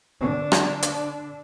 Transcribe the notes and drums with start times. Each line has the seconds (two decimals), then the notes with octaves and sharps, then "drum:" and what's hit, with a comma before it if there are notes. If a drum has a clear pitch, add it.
0.21 D3 D4
0.52 drum: rim click
0.82 drum: hi-hat